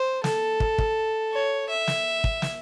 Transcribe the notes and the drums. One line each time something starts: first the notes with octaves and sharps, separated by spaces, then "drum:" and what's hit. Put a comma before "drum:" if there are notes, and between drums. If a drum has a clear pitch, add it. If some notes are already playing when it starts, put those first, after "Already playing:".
Already playing: C5
A4, drum: snare
drum: kick
drum: kick
C#5
E5
drum: snare
drum: kick
drum: snare